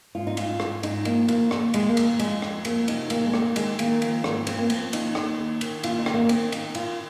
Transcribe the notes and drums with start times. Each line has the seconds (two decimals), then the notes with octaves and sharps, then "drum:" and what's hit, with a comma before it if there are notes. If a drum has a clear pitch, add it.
0.15 G#2 F4
0.27 D#4
0.37 G#2 F4, drum: cymbal
0.60 G#2, drum: rim click
0.83 G#2 D#4, drum: cymbal
1.05 F3 A#3, drum: cymbal
1.28 D#2 A#3, drum: cymbal
1.51 D#2 A#3, drum: rim click
1.74 D#2 G#3, drum: cymbal
1.89 A#3
1.97 D#2, drum: cymbal
2.05 A#3
2.19 F2 G#3, drum: cymbal
2.42 F2, drum: rim click
2.65 F3 A#3, drum: cymbal
2.88 C3 D#4, drum: cymbal
3.10 D#2 A#3, drum: cymbal
3.26 G#3
3.34 D#3, drum: rim click
3.41 A#3
3.56 D#3 G#3, drum: cymbal
3.79 D#3 A#3, drum: cymbal
4.02 F3 A#3, drum: cymbal
4.24 G#2, drum: rim click
4.47 F3 C4, drum: cymbal
4.59 A#3
4.70 F3 C4, drum: cymbal
4.93 D#2 D#4, drum: cymbal
5.15 D#2, drum: rim click
5.38 D#2
5.61 D#3, drum: cymbal
5.83 D#2 F4, drum: cymbal
5.99 D#4
6.06 D#3, drum: rim click
6.14 A#3
6.25 D#4
6.29 D#3 C4, drum: cymbal
6.52 D#3 D#4, drum: cymbal
6.75 D#3 F4, drum: cymbal